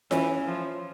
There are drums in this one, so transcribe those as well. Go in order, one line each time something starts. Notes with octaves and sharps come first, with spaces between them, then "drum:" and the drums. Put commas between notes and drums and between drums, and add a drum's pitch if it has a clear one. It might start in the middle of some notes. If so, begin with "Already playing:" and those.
E3 C#4, drum: snare F4
F3